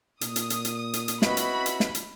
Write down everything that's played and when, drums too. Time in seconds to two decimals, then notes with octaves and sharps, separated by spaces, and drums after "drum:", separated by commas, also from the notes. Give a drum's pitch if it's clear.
0.21 A#2 D#6, drum: hi-hat
0.36 drum: hi-hat
0.50 drum: hi-hat
0.65 drum: hi-hat
0.93 drum: hi-hat
1.08 drum: hi-hat
1.22 C4 C#4 E4 F#4 B4 D#5 B5, drum: snare
1.37 drum: hi-hat
1.66 drum: hi-hat
1.80 drum: snare
1.95 drum: hi-hat